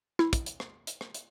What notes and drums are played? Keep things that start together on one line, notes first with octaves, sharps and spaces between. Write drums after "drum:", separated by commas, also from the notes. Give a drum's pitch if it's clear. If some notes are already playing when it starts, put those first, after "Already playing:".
E4, drum: rim click
drum: kick, hi-hat
drum: hi-hat
drum: rim click
drum: hi-hat
drum: rim click
drum: hi-hat